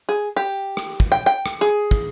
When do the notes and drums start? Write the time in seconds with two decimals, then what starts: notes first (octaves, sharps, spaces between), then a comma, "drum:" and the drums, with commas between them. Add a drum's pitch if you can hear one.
0.09 G#4
0.36 G4
0.77 drum: rim click
1.00 drum: kick
1.12 G5
1.26 G5
1.46 drum: rim click
1.61 G#4
1.91 drum: kick